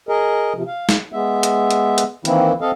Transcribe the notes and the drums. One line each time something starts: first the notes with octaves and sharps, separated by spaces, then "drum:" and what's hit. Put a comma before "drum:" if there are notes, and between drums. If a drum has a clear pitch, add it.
G#4 A#4 D#5
C3 F3
F5
drum: snare
G#3 B3 E5
drum: hi-hat
drum: hi-hat
drum: hi-hat
D#3 E3 A#3 C4 E4, drum: hi-hat
C4 A4 D#5 F5